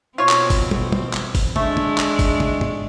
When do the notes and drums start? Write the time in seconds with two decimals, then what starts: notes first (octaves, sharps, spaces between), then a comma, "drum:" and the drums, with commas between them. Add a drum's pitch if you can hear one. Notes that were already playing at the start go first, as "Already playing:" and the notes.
0.18 B2 C4 F4 C#5
0.29 drum: clap
0.50 drum: kick G1, open hi-hat
0.71 drum: tom
0.92 drum: tom
1.14 drum: clap
1.35 drum: kick G1, open hi-hat
1.56 G#3 A3 D4, drum: tom
1.77 drum: tom
1.98 drum: clap
2.19 drum: kick G1, open hi-hat
2.40 drum: tom
2.61 drum: tom